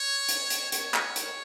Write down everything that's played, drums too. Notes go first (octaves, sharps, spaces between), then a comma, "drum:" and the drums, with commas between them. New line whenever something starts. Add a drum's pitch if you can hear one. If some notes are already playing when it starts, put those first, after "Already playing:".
Already playing: C#5
drum: hi-hat
drum: hi-hat
C#5, drum: hi-hat
drum: clap
drum: hi-hat